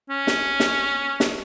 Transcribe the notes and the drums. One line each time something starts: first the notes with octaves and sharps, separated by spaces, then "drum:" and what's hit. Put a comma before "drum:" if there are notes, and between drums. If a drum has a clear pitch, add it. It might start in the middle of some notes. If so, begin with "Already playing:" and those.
C#4
drum: snare
drum: snare
drum: snare